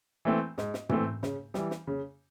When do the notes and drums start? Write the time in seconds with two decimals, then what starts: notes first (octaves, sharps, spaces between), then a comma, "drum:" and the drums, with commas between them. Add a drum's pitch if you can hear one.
0.25 E3 A3 C4
0.58 G#2, drum: snare
0.74 drum: snare
0.89 E3 A3 C4, drum: tom
1.23 C#3, drum: snare
1.54 E3 G3, drum: snare
1.71 drum: snare
1.87 C#3